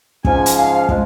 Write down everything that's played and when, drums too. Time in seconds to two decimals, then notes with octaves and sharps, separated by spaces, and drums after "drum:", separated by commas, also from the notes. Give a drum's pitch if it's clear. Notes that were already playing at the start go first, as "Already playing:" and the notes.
0.25 G#2 F3 C#4 G#5, drum: kick
0.46 drum: hi-hat
0.56 F5
0.89 F3 G#3, drum: kick